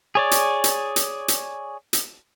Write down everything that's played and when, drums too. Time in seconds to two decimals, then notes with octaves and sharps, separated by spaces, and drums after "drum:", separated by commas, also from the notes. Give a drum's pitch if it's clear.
0.15 G#4 C#5 D5
0.31 drum: hi-hat
0.64 drum: hi-hat
0.96 drum: hi-hat
1.28 drum: hi-hat
1.93 drum: hi-hat